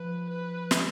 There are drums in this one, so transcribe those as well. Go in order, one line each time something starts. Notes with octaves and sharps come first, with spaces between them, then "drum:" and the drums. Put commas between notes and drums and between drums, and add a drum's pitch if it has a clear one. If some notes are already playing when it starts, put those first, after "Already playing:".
Already playing: F3 B4
B4
drum: snare